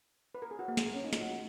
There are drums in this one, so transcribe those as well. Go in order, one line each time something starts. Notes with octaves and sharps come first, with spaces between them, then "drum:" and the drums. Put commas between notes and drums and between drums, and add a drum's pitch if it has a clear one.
B4
A#4
G#4
F#4
A#3
G#3, drum: snare
A#3
C#4
D#4
F4, drum: snare
F#4